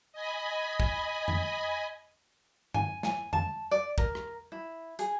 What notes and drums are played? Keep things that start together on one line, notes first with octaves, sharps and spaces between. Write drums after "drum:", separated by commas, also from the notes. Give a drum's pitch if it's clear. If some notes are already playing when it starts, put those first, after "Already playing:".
D#5 G#5 B5
drum: kick
drum: tom F2
G#5, drum: tom G2
G#5, drum: snare
A5, drum: tom F2
D5
A#4, drum: kick
drum: rim click
E4
G#4, drum: hi-hat